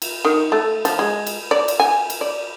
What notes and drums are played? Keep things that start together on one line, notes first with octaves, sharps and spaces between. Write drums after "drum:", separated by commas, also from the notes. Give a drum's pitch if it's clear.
drum: cymbal
D#3
A3
F3, drum: cymbal
G#3
drum: cymbal
D5
drum: cymbal
G#5
drum: cymbal
D5